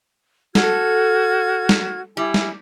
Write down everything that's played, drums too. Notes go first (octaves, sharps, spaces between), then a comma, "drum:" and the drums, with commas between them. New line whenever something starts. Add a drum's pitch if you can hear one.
F#4 A4 F6 G#6, drum: snare
drum: snare
G3 E4 G#5
drum: snare